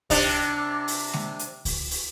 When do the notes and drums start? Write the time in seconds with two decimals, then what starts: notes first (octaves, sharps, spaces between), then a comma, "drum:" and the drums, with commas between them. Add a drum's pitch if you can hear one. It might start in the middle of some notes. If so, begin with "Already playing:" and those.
0.10 C3 D4, drum: kick C#2, open hi-hat
0.88 drum: open hi-hat
1.13 drum: snare G#3
1.39 drum: hi-hat
1.65 drum: kick C#2, open hi-hat
1.91 drum: open hi-hat